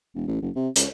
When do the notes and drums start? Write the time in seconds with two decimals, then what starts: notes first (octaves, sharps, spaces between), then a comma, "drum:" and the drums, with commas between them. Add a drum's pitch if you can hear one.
0.15 E1
0.27 A1
0.42 F#1
0.56 C3
0.76 C#2, drum: hi-hat